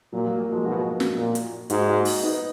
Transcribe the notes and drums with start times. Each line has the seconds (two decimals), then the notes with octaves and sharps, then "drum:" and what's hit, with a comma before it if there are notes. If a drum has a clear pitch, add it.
0.12 A#2 F#3
0.25 F#3 A#3
0.39 F#3 A#3
0.52 F3 G#3
0.65 B2 D#4 F#4
1.00 drum: snare
1.18 A#2
1.35 drum: hi-hat
1.70 G#2 D#4 F#4, drum: hi-hat
1.87 D#4 F#4
2.05 drum: open hi-hat
2.23 B3 D#4